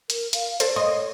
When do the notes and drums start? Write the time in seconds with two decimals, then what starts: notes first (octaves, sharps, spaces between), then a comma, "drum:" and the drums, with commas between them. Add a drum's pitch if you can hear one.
0.10 A#4, drum: hi-hat
0.33 F5, drum: hi-hat
0.60 A4 C5 D5, drum: hi-hat
0.76 C#5 D#5 C6